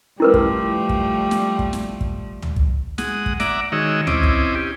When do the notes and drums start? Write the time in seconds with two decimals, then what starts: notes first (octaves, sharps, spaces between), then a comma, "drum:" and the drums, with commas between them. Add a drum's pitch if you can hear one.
0.20 F3 G3 A3 E4 G4 A#4 B4
0.34 drum: kick
0.89 drum: kick
1.31 drum: snare
1.59 drum: kick
1.73 drum: snare
2.01 drum: kick
2.42 drum: tom C#2
2.56 drum: kick
2.98 G#3 F#5 D#6, drum: snare
3.26 drum: kick
3.40 D5 E5 F#5 A#5 D6, drum: snare
3.72 D#3 G#3 F#4 C#5 D#5 E6
4.07 C4 C#4 E4 D#5 D6, drum: tom C#2
4.23 drum: kick
4.55 C#4 G4